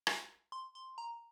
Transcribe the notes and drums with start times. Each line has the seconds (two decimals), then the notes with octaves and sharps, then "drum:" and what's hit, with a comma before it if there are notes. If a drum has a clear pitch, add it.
0.07 drum: rim click
0.52 C6
0.75 C6
0.98 A#5